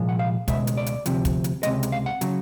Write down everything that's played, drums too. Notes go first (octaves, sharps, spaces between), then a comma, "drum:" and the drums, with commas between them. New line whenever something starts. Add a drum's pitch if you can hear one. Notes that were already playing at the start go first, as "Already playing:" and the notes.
Already playing: C2 A#2 F3 G#3
F#5
F5
C#2 B2 G#3 E5, drum: kick, hi-hat
drum: hi-hat
D5
drum: hi-hat
D2 C3 F3, drum: hi-hat
drum: kick, hi-hat
drum: hi-hat
C#2 C3 F3 G#3 D#5, drum: hi-hat
drum: hi-hat
F5
F#5
C#3 F#3, drum: hi-hat